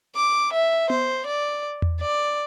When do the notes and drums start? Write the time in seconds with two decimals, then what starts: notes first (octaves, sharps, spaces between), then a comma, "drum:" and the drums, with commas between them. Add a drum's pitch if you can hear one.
0.16 D6
0.53 E5
0.90 C5, drum: tom B3
1.26 D5
1.82 drum: tom E2
2.00 D5